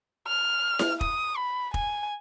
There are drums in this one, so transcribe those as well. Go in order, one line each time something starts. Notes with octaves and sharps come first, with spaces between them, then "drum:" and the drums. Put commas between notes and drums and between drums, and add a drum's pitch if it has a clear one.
F6
drum: snare E4
D#6, drum: kick
B5
G#5, drum: kick